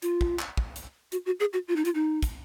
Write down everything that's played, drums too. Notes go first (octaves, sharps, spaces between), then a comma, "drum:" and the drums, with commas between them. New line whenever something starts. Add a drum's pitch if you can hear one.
F4, drum: hi-hat
drum: kick
drum: clap
drum: kick
drum: hi-hat
F#4, drum: hi-hat
F#4
G#4
F#4
F4
D#4
F4, drum: hi-hat
D#4
drum: kick, hi-hat